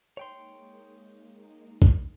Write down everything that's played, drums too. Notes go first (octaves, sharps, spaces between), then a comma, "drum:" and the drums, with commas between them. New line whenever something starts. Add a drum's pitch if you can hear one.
G#3 A#3 D#4 C#5 G5 C6
drum: kick